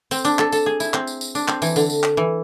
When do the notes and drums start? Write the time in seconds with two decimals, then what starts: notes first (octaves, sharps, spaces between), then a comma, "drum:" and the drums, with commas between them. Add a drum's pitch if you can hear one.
0.11 C4, drum: tambourine
0.25 D4, drum: tambourine
0.39 A4, drum: clap
0.52 A4, drum: tambourine
0.66 G#4
0.80 E4, drum: tambourine
0.94 C4, drum: clap
1.07 drum: tambourine
1.21 drum: tambourine
1.35 D4, drum: tambourine
1.48 C4, drum: clap
1.62 E3, drum: tambourine
1.76 D3, drum: tambourine
1.90 drum: tambourine
2.03 drum: clap
2.17 E3